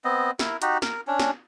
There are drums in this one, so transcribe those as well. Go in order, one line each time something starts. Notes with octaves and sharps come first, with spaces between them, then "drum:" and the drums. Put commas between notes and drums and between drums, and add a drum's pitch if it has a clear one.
B3 C4 D#5
E4 A#4, drum: snare
D#4 F#4 G4, drum: hi-hat
A#4, drum: snare
C#4 D4
drum: snare